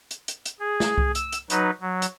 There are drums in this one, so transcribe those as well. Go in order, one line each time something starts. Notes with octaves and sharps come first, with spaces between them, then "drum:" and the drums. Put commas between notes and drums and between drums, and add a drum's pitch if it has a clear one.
drum: hi-hat
drum: hi-hat
drum: hi-hat
G#4
drum: snare
drum: kick C2
E6, drum: hi-hat
drum: hi-hat
F#3 D#4 B4, drum: hi-hat
F#3
drum: hi-hat